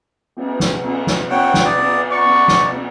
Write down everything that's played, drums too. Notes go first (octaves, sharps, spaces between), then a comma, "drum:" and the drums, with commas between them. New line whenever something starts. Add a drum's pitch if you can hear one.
drum: cymbal
drum: snare
drum: cymbal
drum: snare
C#5 F#5 G5, drum: cymbal
drum: snare
D5 D#6
drum: cymbal
D5 F#5 A#5 C#6
drum: cymbal
drum: snare
drum: cymbal